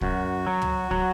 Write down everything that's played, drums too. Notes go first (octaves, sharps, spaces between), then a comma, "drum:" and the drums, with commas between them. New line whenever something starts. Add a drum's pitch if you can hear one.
F#2 F#4, drum: kick
F#3
drum: tom
F#3, drum: kick